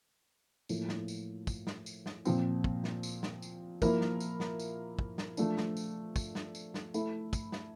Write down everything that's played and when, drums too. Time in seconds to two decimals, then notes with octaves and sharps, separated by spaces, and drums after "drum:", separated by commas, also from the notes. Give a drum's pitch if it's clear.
0.69 A2 F3 A#3, drum: tambourine
0.89 drum: snare
1.08 drum: tambourine
1.47 drum: kick, tambourine
1.67 drum: snare
1.86 drum: tambourine
2.06 drum: snare
2.25 A#2 F3 C4, drum: tambourine
2.64 drum: kick
2.84 drum: snare
3.03 drum: tambourine
3.23 drum: snare
3.42 drum: tambourine
3.82 F3 A#3 E4 A#4, drum: kick, tambourine
4.01 drum: snare
4.20 drum: tambourine
4.40 drum: snare
4.60 drum: tambourine
4.99 drum: kick
5.18 drum: snare
5.37 F3 A3 D4, drum: tambourine
5.57 drum: snare
5.77 drum: tambourine
6.16 drum: kick, tambourine
6.35 drum: snare
6.55 drum: tambourine
6.74 drum: snare
6.94 A3 E4 A4, drum: tambourine
7.33 drum: kick, tambourine
7.52 drum: snare